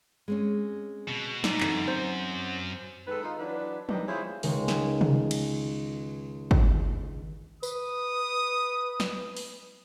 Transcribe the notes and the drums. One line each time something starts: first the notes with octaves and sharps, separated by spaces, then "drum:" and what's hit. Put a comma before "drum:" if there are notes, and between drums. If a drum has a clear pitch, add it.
G#3 C4 C#4
B2
A#2 D#4, drum: snare
F#2 D3 E3 C4, drum: clap
C4 C5
D#3 G#3 A4 B4
D#4 F4
E3 F#3 D4 B4
C3 D#3 D4 D#4 G4 B4, drum: tom F3
G#3 E4 F4 G#4 C5 C#5
C#2 D#3 G#3 C#5, drum: open hi-hat
drum: snare
drum: tom C3
drum: cymbal
drum: kick
B4 D#6, drum: tambourine
drum: snare
drum: open hi-hat